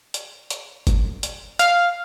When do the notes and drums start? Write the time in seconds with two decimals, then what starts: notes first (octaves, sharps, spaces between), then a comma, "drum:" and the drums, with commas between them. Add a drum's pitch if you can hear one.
0.14 drum: hi-hat
0.50 drum: hi-hat
0.87 drum: kick F#1, hi-hat
1.23 drum: hi-hat
1.59 F5, drum: hi-hat